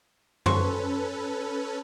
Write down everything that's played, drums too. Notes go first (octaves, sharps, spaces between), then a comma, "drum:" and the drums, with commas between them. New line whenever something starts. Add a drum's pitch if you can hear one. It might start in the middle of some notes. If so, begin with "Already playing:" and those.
C#4 F#4 A4 B4 C5 C#6, drum: tom F#2